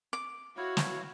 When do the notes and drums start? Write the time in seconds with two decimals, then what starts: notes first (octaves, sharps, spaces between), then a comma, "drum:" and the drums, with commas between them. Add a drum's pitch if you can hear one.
0.13 D6
0.58 E4 F#4 C#5 F5
0.77 drum: snare